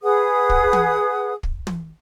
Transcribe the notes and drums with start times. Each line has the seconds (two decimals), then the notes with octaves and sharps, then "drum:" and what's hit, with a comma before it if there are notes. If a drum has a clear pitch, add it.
0.03 G#4 B4 F#5 D#6
0.50 drum: kick
0.73 drum: tom
1.43 drum: kick
1.67 drum: tom